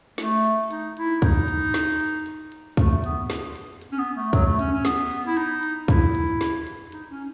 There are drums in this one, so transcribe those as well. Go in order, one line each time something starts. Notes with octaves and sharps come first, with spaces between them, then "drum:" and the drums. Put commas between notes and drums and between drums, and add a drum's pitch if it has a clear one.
A3, drum: snare
drum: hi-hat
D#4, drum: hi-hat
E4, drum: hi-hat
D#4, drum: kick, hi-hat
drum: hi-hat
drum: snare
drum: hi-hat
drum: hi-hat
drum: hi-hat
A3, drum: kick, hi-hat
B3, drum: hi-hat
drum: snare
drum: hi-hat
drum: hi-hat
C#4
B3
A3
F#3, drum: kick, hi-hat
A3
C#4, drum: hi-hat
C#4
B3, drum: snare
drum: hi-hat
E4
D#4, drum: hi-hat
drum: hi-hat
E4, drum: kick, hi-hat
drum: hi-hat
drum: snare
drum: hi-hat
D#4, drum: hi-hat
C#4